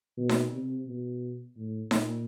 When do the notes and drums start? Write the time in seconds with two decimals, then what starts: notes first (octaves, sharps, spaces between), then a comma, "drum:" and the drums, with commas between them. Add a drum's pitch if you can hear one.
0.17 B2
0.29 drum: snare D#4
0.52 C3
0.87 B2
1.56 A2
1.91 A#2, drum: snare D#4